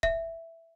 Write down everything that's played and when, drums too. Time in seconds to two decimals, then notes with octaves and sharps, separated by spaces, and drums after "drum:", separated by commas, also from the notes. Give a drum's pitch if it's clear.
0.03 E5, drum: kick D1